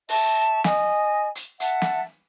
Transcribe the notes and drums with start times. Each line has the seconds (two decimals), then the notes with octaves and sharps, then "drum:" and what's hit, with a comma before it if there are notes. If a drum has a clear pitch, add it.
0.09 E5 A5 C#6, drum: open hi-hat
0.64 D#5 G#5, drum: snare
1.35 drum: hi-hat
1.60 E5 F#5 A5, drum: hi-hat
1.82 drum: snare